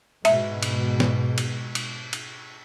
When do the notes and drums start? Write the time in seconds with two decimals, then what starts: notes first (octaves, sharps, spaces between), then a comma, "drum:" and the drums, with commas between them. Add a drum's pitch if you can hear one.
0.25 G#2 B2 E5, drum: cymbal
0.63 drum: cymbal
1.00 drum: snare
1.38 drum: cymbal
1.75 drum: cymbal
2.13 drum: cymbal